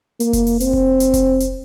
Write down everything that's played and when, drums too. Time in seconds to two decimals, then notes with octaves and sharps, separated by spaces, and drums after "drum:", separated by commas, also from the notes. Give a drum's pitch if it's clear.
0.20 A#3, drum: hi-hat
0.33 drum: kick F1, hi-hat
0.47 drum: open hi-hat
0.60 C4, drum: hi-hat
0.73 drum: kick F1
1.00 drum: hi-hat
1.14 drum: kick F1, hi-hat
1.40 drum: hi-hat